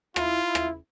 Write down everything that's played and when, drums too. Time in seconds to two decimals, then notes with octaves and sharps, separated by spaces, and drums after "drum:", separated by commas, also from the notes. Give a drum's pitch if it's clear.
0.16 E4 F4, drum: rim click
0.45 E4
0.55 drum: rim click